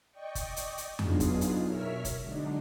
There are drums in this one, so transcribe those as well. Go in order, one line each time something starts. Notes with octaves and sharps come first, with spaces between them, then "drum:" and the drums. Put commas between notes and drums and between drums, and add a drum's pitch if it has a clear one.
D5 D#5 G5 C#6
drum: kick, hi-hat
drum: hi-hat
drum: hi-hat
F#3 B3 D4 D#4 F4 G#4, drum: tom F2
drum: kick, hi-hat
drum: hi-hat
B2 A#4 C#5 E5 F6 B6
drum: kick, hi-hat
D3 F#3 G#3 D4 D#4